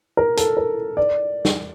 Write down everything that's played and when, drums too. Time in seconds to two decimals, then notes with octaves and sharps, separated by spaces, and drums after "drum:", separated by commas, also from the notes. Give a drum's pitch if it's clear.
0.17 A#4
0.37 A4, drum: hi-hat
0.57 A#4
0.97 D5
1.45 drum: snare